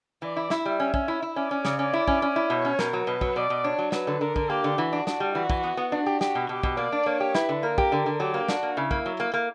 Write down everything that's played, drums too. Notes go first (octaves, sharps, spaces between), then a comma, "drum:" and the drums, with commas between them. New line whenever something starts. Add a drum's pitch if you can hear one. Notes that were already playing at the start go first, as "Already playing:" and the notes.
E3 D5
E4
E4 E5, drum: snare
G3
C#4 E5
C#4, drum: kick
E4
E4
C#4 D5
C#4
C#3, drum: snare
C#4
E4
C#4, drum: kick
C#4
E4
B2 C#5
C#4
B2 A#4, drum: snare
F#3
B2 B4
F#3, drum: kick
B2 D5
B2
D4 C#5
F#3
F#3 B4, drum: snare
D3
D3 A#4
D3, drum: kick
A#3 G4
D3
E3 F#4
D4
D4, drum: snare
G3
E3 F#4
E3, drum: kick
B3
B3
D4 F#4
G4
G4, drum: snare
B2
B2 G4
B2, drum: kick
A#3 D5
D4
A#3 C#5
G4
E4 B4, drum: snare
D3
A#3 A#4
G4, drum: kick
D3
D3
F#3 G4
A#3
D4 F#4, drum: snare
A#3
C#3 E4
A#3, drum: kick
F#3
A#3
A#3